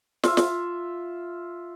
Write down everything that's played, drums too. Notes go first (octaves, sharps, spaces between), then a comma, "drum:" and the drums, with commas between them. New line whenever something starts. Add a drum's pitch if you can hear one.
F4 E5, drum: snare
drum: snare